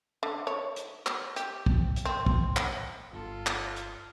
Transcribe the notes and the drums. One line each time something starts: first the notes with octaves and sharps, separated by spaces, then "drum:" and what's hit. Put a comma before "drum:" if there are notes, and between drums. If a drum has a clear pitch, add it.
D3
C#5
drum: hi-hat
drum: clap
G4, drum: hi-hat
drum: kick
drum: hi-hat
C4
drum: kick
drum: clap
G1 F4 A4
drum: clap
drum: hi-hat